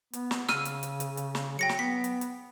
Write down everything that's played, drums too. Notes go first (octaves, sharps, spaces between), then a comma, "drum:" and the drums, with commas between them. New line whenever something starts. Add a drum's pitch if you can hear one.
B3, drum: hi-hat
drum: snare
C#3 E6 F6 D#7, drum: snare
drum: hi-hat
drum: hi-hat
drum: hi-hat
drum: hi-hat
drum: snare
F#3 G5 A#6 C#7
drum: snare
B3 B6
drum: hi-hat
drum: hi-hat